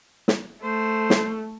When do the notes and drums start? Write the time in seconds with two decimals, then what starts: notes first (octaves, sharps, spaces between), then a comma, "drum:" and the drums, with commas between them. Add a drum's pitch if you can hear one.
0.28 drum: snare
0.63 A3 C5
1.10 drum: snare